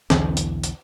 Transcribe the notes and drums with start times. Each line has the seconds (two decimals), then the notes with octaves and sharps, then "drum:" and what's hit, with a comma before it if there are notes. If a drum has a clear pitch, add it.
0.10 B1 E2 D3 E3, drum: snare
0.37 drum: hi-hat
0.64 drum: hi-hat